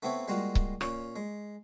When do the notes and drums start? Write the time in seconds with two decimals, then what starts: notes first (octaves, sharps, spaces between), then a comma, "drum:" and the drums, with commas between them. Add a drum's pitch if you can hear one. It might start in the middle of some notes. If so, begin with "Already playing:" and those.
0.03 A3 B3 C4 E4 C#5 E5
0.28 G3 G#3 A#3 F4 F#4
0.55 drum: kick C#1
0.81 A#2 C#4 C#5, drum: rim click
1.16 G#3